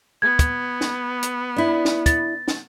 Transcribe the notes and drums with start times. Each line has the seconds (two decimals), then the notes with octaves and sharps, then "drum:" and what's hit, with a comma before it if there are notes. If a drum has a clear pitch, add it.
0.22 B3 G#6
0.39 drum: kick, hi-hat
0.81 drum: snare
1.23 drum: hi-hat
1.56 D4 E4
1.85 drum: snare
2.06 A6, drum: kick, hi-hat
2.48 drum: snare